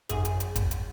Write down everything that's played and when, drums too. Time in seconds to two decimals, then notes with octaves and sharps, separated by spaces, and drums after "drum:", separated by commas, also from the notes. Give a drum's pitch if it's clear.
0.09 G#1 F#2 G#4, drum: hi-hat
0.25 drum: hi-hat
0.40 drum: hi-hat
0.56 drum: kick, hi-hat
0.71 drum: hi-hat